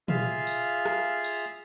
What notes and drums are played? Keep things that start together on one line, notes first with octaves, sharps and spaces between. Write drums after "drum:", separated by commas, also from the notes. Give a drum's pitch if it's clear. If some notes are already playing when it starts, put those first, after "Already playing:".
F4 G#4 E5 F5, drum: tom
drum: tambourine
drum: rim click
drum: tambourine